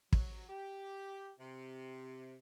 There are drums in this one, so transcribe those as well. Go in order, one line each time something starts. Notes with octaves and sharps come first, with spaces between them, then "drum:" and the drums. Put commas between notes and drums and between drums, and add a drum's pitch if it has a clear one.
F#3, drum: kick
G4
C3